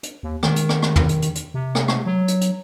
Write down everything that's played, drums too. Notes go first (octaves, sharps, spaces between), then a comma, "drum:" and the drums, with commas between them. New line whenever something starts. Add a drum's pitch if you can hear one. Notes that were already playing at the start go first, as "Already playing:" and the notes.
drum: hi-hat
D#2
D#3, drum: rim click
drum: hi-hat
drum: rim click
drum: rim click
drum: tom
drum: hi-hat
drum: hi-hat
drum: hi-hat
C3
drum: rim click
drum: rim click
F#3
drum: hi-hat
drum: hi-hat